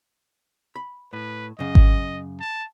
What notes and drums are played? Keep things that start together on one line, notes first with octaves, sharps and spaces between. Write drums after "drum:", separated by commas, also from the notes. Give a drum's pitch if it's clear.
B5
A2 B4
F#2 C#3 D#5
drum: kick G#1
A5